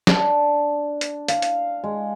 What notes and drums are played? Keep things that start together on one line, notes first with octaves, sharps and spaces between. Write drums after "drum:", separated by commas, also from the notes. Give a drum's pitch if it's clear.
D4, drum: snare
drum: hi-hat
F5, drum: hi-hat
drum: hi-hat
G#3